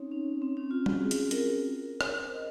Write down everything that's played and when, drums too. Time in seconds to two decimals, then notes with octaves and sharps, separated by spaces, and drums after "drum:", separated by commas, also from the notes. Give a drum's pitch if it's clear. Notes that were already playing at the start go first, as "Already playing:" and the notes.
Already playing: C4 C#4 D#4 C#5
0.11 C#4
0.42 C4
0.57 C#4
0.71 F4
0.86 F#4, drum: tom
1.01 G#4
1.11 drum: hi-hat
1.31 A#4, drum: hi-hat
1.82 A#4
2.01 A#4, drum: rim click
2.22 C5
2.34 D#5